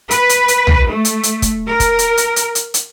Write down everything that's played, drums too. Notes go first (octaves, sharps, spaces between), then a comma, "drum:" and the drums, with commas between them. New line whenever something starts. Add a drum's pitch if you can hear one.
B4, drum: hi-hat
drum: hi-hat
drum: hi-hat
drum: tom B1
A3
drum: hi-hat
drum: hi-hat
drum: kick, hi-hat
A#4
drum: kick, hi-hat
drum: hi-hat
drum: hi-hat
drum: hi-hat
drum: hi-hat
drum: hi-hat